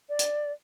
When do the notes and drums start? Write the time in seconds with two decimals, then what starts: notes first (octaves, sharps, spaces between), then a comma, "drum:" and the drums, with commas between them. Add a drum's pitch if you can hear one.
0.09 D5
0.19 drum: hi-hat